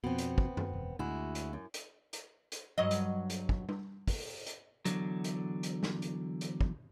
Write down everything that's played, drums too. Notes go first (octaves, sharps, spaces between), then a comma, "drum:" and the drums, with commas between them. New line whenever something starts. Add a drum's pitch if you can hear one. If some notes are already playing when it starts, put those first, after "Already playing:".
F2 B2 B3 C4
drum: hi-hat
drum: kick
drum: tom F#2
E1
D2 G#3 E4 F#4
drum: hi-hat
F#2
drum: hi-hat
drum: hi-hat
drum: hi-hat
G2 F#3 D#5
drum: hi-hat
drum: hi-hat
drum: kick
drum: tom G3
drum: kick, open hi-hat
drum: hi-hat
E2 B2 D3 F#3, drum: hi-hat
drum: hi-hat
drum: hi-hat
drum: snare
drum: hi-hat
drum: hi-hat
drum: kick